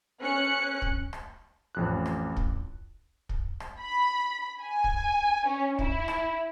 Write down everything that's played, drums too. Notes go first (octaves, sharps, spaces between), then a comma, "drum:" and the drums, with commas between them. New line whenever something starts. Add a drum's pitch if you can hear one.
C#4 F#6 C#7
drum: kick
drum: rim click
A1 F2 F#6
drum: rim click
drum: kick
drum: kick
drum: rim click
B5
G#5
drum: kick
C#4
E4, drum: kick
drum: rim click